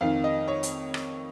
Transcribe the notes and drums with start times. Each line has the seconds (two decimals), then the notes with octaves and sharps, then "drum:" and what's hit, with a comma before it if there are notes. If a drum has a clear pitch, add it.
0.01 F2 D#3 F5
0.24 D#5
0.48 C#5
0.63 drum: hi-hat
0.94 drum: rim click